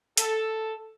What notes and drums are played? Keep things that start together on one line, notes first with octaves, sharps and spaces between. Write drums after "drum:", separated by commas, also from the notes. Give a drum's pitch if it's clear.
A4, drum: hi-hat